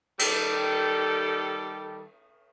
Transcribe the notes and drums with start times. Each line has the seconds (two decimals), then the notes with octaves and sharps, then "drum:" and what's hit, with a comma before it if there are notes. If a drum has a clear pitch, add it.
0.19 D#3 G3 G4 A4, drum: cymbal